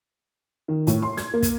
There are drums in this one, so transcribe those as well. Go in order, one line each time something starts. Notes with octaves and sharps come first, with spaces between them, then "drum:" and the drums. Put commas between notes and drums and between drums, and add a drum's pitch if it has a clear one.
D#3
A2, drum: hi-hat
C6
G#6, drum: snare
A#3
drum: kick, hi-hat